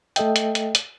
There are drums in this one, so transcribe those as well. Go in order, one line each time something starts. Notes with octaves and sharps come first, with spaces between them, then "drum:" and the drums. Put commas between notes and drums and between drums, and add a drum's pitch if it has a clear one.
A3 A4 D#5 E5 G5, drum: hi-hat
drum: hi-hat
drum: hi-hat
drum: hi-hat